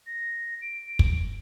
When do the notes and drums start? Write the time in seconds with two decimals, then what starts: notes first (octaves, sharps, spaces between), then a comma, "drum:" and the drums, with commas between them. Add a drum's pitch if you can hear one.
0.07 A#6
0.62 D7
0.99 drum: kick